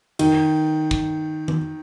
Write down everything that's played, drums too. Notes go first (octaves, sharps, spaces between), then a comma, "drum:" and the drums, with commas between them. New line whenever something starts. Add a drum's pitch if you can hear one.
D#3, drum: cymbal
drum: kick
drum: tom D#3